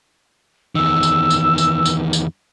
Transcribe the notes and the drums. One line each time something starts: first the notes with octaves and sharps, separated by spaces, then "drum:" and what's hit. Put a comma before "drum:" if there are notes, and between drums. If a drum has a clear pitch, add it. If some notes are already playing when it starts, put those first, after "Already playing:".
E2 D#3 E6
drum: tambourine
drum: tambourine
drum: tambourine
drum: tambourine
drum: tambourine